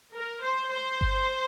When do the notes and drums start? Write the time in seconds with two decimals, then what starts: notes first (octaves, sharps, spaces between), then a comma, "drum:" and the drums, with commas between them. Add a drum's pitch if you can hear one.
0.16 A#4
0.44 C5
0.73 C5
1.01 drum: kick G1